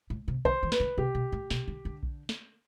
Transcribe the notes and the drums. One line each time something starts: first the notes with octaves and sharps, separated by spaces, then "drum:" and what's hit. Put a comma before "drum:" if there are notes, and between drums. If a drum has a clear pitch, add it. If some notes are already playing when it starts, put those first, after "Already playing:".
A2
C3
D3 C5, drum: kick A#1
E3
B4, drum: snare
D3
C3 G4
B2
A2
B2, drum: snare
D3
D3
drum: kick A#1
drum: snare